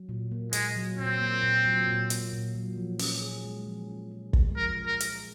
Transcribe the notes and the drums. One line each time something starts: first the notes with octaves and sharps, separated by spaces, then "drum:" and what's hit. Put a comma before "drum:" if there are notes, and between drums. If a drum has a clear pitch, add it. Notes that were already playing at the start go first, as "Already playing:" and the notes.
Already playing: F#3
A#2
A#3
A#2 G#3, drum: hi-hat
F#3
A#2 C4
A#3
A#2
F#3
A#2
A#3, drum: hi-hat
A#2
F#3
F3
C#4, drum: open hi-hat
G#4
G#3
F3
C#4
G#4
G#3, drum: kick
F3 A#4
C#4
A#4
G#4, drum: hi-hat